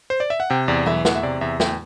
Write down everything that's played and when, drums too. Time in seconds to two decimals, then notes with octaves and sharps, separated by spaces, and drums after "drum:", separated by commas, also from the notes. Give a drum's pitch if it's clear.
0.10 C5
0.20 D5
0.30 E5
0.40 F#5
0.50 C3 G5
0.68 E2 D5
0.86 E3 E5, drum: tom B2
1.05 E2 F#5, drum: snare
1.15 E5
1.23 C3 D5
1.41 E2 E5
1.60 E2 G5, drum: snare